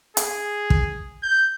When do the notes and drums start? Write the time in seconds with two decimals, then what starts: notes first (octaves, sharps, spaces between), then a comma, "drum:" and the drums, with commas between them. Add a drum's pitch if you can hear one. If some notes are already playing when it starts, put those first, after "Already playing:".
0.17 G#4, drum: hi-hat
0.70 drum: kick
1.23 G6